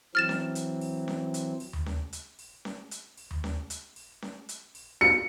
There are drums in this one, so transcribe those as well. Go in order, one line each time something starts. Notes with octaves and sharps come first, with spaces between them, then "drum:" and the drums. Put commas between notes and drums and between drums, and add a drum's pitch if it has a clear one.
E3 F#3 C4 F6 A6 E7
drum: snare C#4
drum: hi-hat
drum: open hi-hat
drum: snare C#4
drum: hi-hat
drum: open hi-hat
drum: tom D#2
drum: snare C#4
drum: hi-hat
drum: open hi-hat
drum: snare C#4
drum: hi-hat
drum: open hi-hat
drum: tom D#2
drum: snare C#4
drum: hi-hat
drum: open hi-hat
drum: snare C#4
drum: hi-hat
drum: open hi-hat
C#7, drum: snare C#4